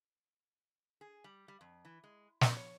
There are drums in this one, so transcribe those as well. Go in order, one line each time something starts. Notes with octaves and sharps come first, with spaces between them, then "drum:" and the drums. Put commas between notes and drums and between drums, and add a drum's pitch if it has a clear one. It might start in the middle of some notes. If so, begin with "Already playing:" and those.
G#4
G3
G3
F2
E3
G#3
C#4, drum: snare
C#5